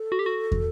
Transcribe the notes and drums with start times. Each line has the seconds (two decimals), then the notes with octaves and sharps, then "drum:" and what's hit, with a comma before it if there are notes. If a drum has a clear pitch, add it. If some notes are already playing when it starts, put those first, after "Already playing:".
Already playing: A4
0.12 F#4
0.19 G4
0.26 F#4
0.52 drum: kick